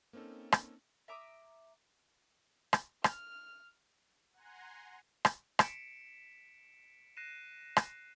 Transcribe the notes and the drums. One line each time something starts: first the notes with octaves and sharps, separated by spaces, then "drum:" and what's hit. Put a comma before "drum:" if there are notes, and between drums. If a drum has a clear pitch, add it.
A#3 C4 C#4 D#4 A4
drum: rim click
E5 A#5 D6 D#6
drum: rim click
F6, drum: rim click
F#5 G#5 A#5 C6
drum: rim click
B6 C#7 D7 E7, drum: rim click
F#6 A#6 C7 D#7 E7
drum: rim click